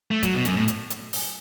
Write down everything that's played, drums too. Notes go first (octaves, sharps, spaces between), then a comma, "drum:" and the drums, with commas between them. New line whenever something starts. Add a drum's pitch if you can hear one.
A3
F#3, drum: kick, hi-hat
B2
F#2, drum: hi-hat
A2
drum: hi-hat
drum: hi-hat
drum: open hi-hat